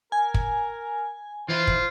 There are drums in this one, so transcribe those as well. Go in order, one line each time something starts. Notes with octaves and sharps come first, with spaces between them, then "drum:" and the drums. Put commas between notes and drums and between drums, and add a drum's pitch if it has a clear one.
A#4 G#5
drum: kick
E3 E4 F4 C5
drum: kick